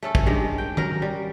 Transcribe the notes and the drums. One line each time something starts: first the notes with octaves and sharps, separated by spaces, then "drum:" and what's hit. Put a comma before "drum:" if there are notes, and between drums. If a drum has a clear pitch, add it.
A3 C#4 A4
drum: kick
G2 D#3 G#3 G4
G5
F#3 C#4 A#4, drum: tom D#3
G3